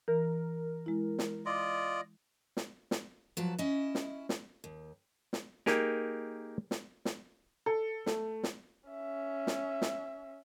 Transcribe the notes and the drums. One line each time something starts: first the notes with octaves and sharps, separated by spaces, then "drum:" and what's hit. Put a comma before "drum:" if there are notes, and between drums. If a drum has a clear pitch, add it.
E3 A#4
G#3 E4
drum: snare
F4 D5 D#5 C6 D6
drum: snare
drum: snare
F3 F#3 B4 A5
C#4 E4 D#5
drum: snare
drum: snare
D#2
drum: snare
A#3 D#4 G4 G#4 A#4, drum: snare
drum: snare
drum: snare
A4
A3, drum: snare
drum: snare
C#4 E5
drum: snare
drum: snare